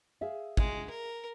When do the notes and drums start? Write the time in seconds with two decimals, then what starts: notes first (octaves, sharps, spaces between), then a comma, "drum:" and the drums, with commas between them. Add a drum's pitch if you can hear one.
0.21 G#4 E5 F5
0.57 G#3, drum: kick
0.90 A#4